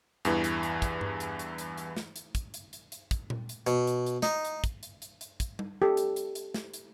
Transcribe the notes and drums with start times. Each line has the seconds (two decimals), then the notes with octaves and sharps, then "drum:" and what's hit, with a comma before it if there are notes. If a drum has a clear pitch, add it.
0.25 E2 G2 E3, drum: hi-hat
0.44 drum: hi-hat
0.63 drum: hi-hat
0.82 drum: kick, hi-hat
1.01 drum: tom G2
1.20 drum: hi-hat
1.39 drum: hi-hat
1.58 drum: hi-hat
1.77 drum: hi-hat
1.97 drum: snare
2.16 drum: hi-hat
2.35 drum: kick, hi-hat
2.54 drum: hi-hat
2.73 drum: hi-hat
2.92 drum: hi-hat
3.11 drum: kick, hi-hat
3.30 drum: tom A#2
3.49 drum: hi-hat
3.67 B2, drum: hi-hat
3.87 drum: hi-hat
4.06 drum: hi-hat
4.22 D#4, drum: snare
4.45 drum: hi-hat
4.64 drum: kick, hi-hat
4.83 drum: hi-hat
5.02 drum: hi-hat
5.21 drum: hi-hat
5.40 drum: kick, hi-hat
5.59 drum: tom G3
5.82 G4 A4
5.97 drum: hi-hat
6.16 drum: hi-hat
6.35 drum: hi-hat
6.54 drum: snare
6.74 drum: hi-hat